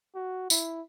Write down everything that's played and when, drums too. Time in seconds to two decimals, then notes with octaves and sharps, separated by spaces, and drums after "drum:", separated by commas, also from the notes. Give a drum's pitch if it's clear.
0.15 F#4
0.50 E4, drum: tambourine